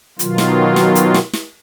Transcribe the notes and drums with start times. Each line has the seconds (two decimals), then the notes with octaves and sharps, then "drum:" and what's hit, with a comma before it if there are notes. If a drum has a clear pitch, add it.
0.19 B2 D#3 F#3 F4, drum: hi-hat
0.38 drum: snare
0.76 drum: snare
0.95 drum: hi-hat
1.14 drum: snare
1.33 drum: snare